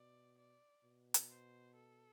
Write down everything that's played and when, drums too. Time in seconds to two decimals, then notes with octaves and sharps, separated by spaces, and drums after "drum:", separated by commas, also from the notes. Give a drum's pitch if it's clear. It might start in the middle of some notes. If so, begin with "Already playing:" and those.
Already playing: B2 D5
0.38 D5
0.84 B2
1.14 drum: hi-hat
1.29 C5
1.75 A4